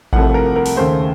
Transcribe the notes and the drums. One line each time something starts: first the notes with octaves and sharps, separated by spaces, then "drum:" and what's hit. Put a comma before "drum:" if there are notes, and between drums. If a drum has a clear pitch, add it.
C2 C3 F3 A3 F#5, drum: kick A1
A#4
A#4
drum: open hi-hat
D#2 C#3 A3 C5